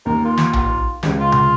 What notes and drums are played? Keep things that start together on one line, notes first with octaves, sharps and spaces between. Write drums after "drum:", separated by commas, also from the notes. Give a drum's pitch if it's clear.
D#2 A#4
F4
drum: snare
drum: tom A#1
C#2 C#3, drum: snare
F4
drum: tom C3